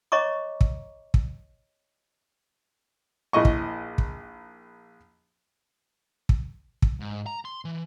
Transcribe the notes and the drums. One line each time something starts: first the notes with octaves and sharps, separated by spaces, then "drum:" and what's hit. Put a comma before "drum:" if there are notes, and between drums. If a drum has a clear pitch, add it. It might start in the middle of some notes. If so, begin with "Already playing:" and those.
C#5 D#5 A#5 C#6 D6
drum: kick
drum: kick
A#1 E4 D#5 C#6
drum: kick
drum: kick
drum: kick
drum: kick
G#2
A#5
C6
E3